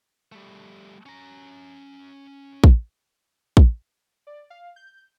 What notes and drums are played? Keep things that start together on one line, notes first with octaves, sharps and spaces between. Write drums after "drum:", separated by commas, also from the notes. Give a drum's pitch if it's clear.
G3 A3
C#4 A#5
drum: kick
drum: kick
D5
F5
G6